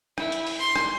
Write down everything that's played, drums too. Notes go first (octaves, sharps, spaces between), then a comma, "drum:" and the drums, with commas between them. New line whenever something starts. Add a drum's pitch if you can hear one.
E4, drum: rim click
drum: hi-hat
drum: open hi-hat
C6
drum: rim click